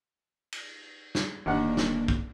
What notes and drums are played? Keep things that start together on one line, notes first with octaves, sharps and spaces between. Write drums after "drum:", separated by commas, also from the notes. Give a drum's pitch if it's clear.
drum: cymbal
drum: snare
D1 D#2 A#3 D4 F#5
drum: snare
drum: kick